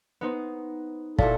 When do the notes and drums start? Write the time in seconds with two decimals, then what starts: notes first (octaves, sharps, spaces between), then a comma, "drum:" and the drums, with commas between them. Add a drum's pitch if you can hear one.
0.21 B3 D#4 C5
1.19 A#2 E4 F#4 A4 D5 F5 A5, drum: kick